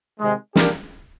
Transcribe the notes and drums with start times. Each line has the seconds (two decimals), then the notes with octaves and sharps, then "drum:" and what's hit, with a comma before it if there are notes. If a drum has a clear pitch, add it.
0.19 C3 D#3 G#3
0.56 A#3 D4 G4 A#4, drum: snare